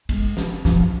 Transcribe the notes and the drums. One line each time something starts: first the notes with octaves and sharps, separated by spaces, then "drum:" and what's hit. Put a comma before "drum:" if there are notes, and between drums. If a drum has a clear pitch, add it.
G#3, drum: kick, cymbal
drum: snare
F3, drum: snare